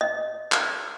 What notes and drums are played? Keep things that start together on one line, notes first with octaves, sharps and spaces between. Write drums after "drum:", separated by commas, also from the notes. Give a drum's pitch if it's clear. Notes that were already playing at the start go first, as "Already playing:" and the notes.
D#5
drum: clap